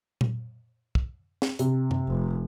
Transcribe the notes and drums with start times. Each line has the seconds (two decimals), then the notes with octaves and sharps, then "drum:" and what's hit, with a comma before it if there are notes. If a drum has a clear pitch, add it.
0.21 drum: tom A#2
0.95 drum: kick
1.42 drum: snare
1.59 C3, drum: hi-hat
1.91 drum: tom F#2
2.07 F1